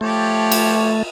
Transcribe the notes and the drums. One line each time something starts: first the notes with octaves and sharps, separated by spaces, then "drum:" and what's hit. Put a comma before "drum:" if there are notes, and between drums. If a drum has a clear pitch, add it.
F3 A3 G4 C#5
drum: cymbal